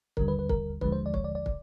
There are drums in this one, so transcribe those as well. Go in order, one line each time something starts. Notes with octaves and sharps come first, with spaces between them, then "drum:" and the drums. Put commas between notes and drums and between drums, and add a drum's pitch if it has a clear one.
D#2 D3 G3 A#4, drum: kick
B4
B4
A#4, drum: kick
D#2 D3 F3 G#3 B4, drum: kick
C5
D5
C#5, drum: kick
D5
D5
drum: kick